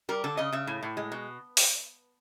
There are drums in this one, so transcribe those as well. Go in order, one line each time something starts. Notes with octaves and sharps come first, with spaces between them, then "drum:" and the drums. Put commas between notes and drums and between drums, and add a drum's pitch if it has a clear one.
G3 A#4
D3 A4
C#3 D#5
C#3 E5
A2
A2
G#3
B2
drum: open hi-hat